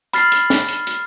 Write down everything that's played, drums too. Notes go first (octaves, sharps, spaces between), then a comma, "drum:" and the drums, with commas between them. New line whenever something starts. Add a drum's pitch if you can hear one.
B5 F6 A6 C7, drum: hi-hat
drum: hi-hat
drum: snare
drum: hi-hat
drum: hi-hat